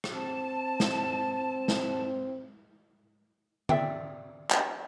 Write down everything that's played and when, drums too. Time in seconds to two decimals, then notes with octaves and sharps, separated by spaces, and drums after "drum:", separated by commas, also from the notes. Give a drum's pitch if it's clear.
0.04 drum: rim click
0.14 C4 A5
0.80 drum: snare
1.68 drum: snare
3.69 D5 E5 G5, drum: tom D3
4.51 drum: clap